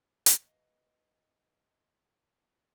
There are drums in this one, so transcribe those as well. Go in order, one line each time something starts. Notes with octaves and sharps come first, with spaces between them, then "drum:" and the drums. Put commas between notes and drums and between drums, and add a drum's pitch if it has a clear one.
drum: hi-hat
B4 D#5 F5